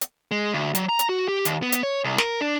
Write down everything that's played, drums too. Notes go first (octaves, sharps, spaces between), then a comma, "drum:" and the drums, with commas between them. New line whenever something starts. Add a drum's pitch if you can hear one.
drum: hi-hat
G#3
D2
F#3, drum: hi-hat
A#5
drum: hi-hat
F#4
G4
D#2, drum: hi-hat
B3
drum: hi-hat
C#5
C2
A#4, drum: snare
D4